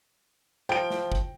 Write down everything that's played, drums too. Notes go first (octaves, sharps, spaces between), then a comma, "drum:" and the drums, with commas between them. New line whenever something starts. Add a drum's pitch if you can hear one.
F3 G5 D7
drum: snare
drum: kick